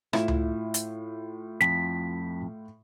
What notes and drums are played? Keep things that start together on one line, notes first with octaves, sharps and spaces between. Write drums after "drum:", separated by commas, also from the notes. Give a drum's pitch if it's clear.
A2 E4 F4, drum: rim click
drum: tom C#2
drum: hi-hat
F2 B6, drum: snare